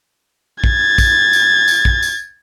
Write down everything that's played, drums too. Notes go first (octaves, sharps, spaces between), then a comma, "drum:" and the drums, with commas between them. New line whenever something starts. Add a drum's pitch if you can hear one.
G#6 A6, drum: kick
drum: kick, tambourine
drum: tambourine
drum: tambourine
drum: kick
drum: tambourine